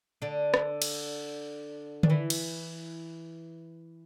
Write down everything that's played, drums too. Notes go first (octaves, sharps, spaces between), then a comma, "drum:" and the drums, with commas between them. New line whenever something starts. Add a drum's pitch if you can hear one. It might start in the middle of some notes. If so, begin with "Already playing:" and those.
D3 D4
drum: rim click
drum: cymbal
D4, drum: tom D3
E3 E4
drum: cymbal